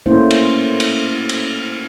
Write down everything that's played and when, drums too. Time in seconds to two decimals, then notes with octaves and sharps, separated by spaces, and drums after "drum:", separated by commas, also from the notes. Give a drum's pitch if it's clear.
0.06 A3 A#3 C#4 E4 C5
0.31 drum: cymbal
0.80 drum: cymbal
1.29 drum: cymbal